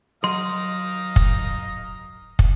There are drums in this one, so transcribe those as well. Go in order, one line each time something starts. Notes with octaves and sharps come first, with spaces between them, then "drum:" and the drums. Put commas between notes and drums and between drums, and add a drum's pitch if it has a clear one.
F#3 D#5 F5 A#5 C6 D#6
drum: kick
drum: kick